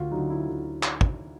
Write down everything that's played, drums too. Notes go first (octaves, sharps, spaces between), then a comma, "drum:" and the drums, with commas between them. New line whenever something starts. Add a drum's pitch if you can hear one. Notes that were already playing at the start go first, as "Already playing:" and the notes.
Already playing: D2 F4 F#4
D3 F#3 D#4
E4
D2
drum: clap
drum: kick